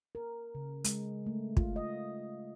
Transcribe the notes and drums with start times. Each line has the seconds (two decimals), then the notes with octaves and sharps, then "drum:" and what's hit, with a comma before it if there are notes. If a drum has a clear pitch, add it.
0.15 A#4
0.55 C#3
0.84 G#3, drum: hi-hat
1.26 A3
1.57 F4, drum: kick
1.76 D#5